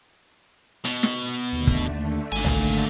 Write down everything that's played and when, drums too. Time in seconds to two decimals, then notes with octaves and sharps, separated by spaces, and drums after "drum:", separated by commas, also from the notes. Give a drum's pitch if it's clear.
0.84 B2, drum: hi-hat
1.03 drum: snare
1.53 D#2 D3 A3
1.67 drum: kick
2.32 G#1 A#3 G#5
2.45 drum: tom